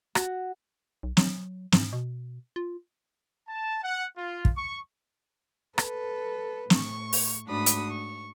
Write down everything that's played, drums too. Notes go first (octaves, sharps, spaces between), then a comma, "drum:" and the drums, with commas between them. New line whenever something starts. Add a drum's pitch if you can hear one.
F#4, drum: rim click
B1
F#3, drum: snare
G#2, drum: snare
B2
F4
A5
F#5
F4
drum: kick
C#6
A4 B4, drum: rim click
A2 C#6, drum: snare
drum: open hi-hat
G#2 A3 D4 F#4 B5 D#6
drum: hi-hat
C#6